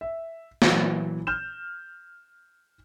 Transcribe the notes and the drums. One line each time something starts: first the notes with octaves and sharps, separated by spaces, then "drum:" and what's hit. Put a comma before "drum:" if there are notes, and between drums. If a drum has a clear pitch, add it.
E5
A#2 E3 F#3, drum: snare
F6 G6 E7